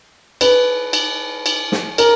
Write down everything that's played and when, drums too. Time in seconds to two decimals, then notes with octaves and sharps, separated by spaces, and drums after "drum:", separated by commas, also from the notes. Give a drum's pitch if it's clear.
0.41 B4, drum: cymbal
0.93 drum: cymbal
1.46 drum: cymbal
1.72 drum: snare
1.98 A#4, drum: cymbal